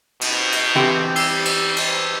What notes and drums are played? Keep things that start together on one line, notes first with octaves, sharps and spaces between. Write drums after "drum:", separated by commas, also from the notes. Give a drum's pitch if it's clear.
B2, drum: cymbal
drum: cymbal
E3 C4 G4
G3 E6 C7 G7, drum: cymbal
drum: cymbal
drum: cymbal